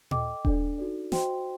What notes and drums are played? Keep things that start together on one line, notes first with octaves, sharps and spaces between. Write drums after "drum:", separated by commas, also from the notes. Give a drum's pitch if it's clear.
A4 D#5 G5 D6, drum: tom A#2
D4 A4 D5, drum: kick D#1
D#4 F#4 A4 D5
F#4 C5 D#5 G5 C6, drum: snare